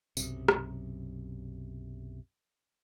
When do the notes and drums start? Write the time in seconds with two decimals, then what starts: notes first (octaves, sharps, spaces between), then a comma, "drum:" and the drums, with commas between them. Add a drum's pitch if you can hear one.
0.17 B1 F#2 C3, drum: tambourine
0.48 drum: rim click